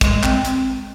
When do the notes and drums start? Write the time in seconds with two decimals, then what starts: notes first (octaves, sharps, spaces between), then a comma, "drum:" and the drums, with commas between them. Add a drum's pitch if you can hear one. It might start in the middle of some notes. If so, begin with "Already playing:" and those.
0.01 G#3, drum: kick, hi-hat
0.23 C4, drum: clap
0.45 drum: hi-hat